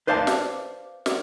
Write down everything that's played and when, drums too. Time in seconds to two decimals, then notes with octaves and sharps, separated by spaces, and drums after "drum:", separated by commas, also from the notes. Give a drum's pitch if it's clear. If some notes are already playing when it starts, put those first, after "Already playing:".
0.07 B4 C5 D5 F5 G5 A5
0.27 drum: snare
1.06 drum: snare